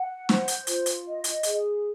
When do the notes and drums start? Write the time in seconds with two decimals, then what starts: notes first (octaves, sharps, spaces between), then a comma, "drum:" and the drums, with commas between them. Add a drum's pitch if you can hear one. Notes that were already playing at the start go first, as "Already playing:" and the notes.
Already playing: F#5
0.29 C5, drum: snare
0.48 drum: hi-hat
0.67 F4, drum: hi-hat
0.86 drum: hi-hat
1.05 D#5
1.24 drum: hi-hat
1.43 G#4, drum: hi-hat